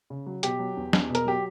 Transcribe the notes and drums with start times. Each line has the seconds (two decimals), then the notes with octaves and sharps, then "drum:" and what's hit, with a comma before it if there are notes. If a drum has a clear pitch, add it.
0.10 C#3
0.26 F#3
0.43 B2 G4, drum: hi-hat
0.59 F#3
0.77 E2
0.93 E2, drum: snare
1.09 B2
1.15 A#4, drum: hi-hat
1.25 F#3 G4